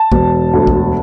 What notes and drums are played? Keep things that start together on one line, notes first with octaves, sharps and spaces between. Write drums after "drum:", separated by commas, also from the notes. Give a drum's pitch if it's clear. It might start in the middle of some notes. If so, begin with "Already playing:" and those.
Already playing: A5
E1, drum: kick
D2
drum: kick